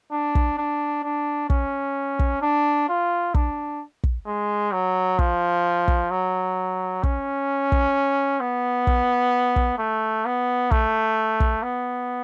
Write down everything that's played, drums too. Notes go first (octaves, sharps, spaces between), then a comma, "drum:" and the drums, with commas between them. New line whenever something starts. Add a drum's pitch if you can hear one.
D4
drum: kick
D4
D4
C#4, drum: kick
drum: kick
D4
F4
D4, drum: kick
drum: kick
G#3
F#3
F3, drum: kick
drum: kick
F#3
C#4, drum: kick
drum: kick
B3
drum: kick
drum: kick
A3
B3
A3, drum: kick
drum: kick
B3